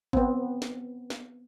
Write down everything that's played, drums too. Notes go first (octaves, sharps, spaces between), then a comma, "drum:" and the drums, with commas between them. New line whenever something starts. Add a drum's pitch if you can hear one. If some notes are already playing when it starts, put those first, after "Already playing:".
B3 C4, drum: kick G#1
drum: snare
drum: snare